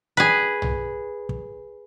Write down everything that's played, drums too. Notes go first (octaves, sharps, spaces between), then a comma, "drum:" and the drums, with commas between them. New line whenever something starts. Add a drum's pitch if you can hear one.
G#4 B4
drum: tom
drum: kick